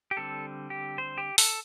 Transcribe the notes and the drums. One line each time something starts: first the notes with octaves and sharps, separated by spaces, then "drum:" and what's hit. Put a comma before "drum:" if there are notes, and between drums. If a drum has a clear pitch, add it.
G4
D3 G3 C4 A4
G4
C5
G4
A4, drum: open hi-hat